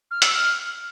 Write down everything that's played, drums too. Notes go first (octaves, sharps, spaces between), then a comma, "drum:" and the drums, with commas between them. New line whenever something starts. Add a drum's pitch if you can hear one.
F6
E6, drum: hi-hat
F6